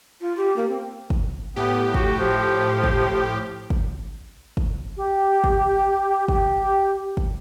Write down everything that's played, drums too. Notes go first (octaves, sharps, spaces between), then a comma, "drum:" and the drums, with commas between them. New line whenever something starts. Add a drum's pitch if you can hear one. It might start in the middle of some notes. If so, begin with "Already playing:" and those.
F4
G4
A#3
C4
drum: kick
A2 B3 G4
F#4, drum: kick
F3
drum: kick
drum: kick
drum: kick
G4
drum: kick
G4, drum: kick
drum: kick